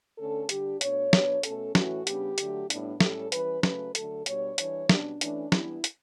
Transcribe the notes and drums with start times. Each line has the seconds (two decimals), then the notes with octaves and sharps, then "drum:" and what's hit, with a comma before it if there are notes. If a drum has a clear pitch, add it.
0.18 D3 A3 C#4 A4
0.49 D3 G3 D4 G4, drum: hi-hat
0.81 B2 A3 D4 C#5, drum: hi-hat
1.13 B2 F#3 B3 D4, drum: snare
1.43 B2 A3 C#4 A4, drum: hi-hat
1.75 A2 E3 A3 C#4 F#4, drum: snare
2.07 C#3 G3 B3 D4 G4, drum: hi-hat
2.38 D3 F#3 A3, drum: hi-hat
2.70 A2 G3 B3 D4, drum: hi-hat
3.01 A2 G3 C#4 A4, drum: snare
3.32 E3 G3 C#4 B4, drum: hi-hat
3.63 C#3 F#3 A3 C#4 B4, drum: snare
3.95 D3 F#3 A3 A4, drum: hi-hat
4.26 B2 G3 D4 C#5, drum: hi-hat
4.58 E3 G3 D4 C#5, drum: hi-hat
4.89 B2 G3 C#4 D4, drum: snare
5.21 E3 A3 C#4 D4, drum: hi-hat
5.52 E3 G3 B3 D4 E4, drum: snare
5.84 drum: hi-hat